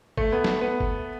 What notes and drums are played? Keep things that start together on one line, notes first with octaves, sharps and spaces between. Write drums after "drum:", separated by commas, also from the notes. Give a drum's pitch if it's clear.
A3, drum: kick G1
B3
drum: snare
B3
drum: kick G1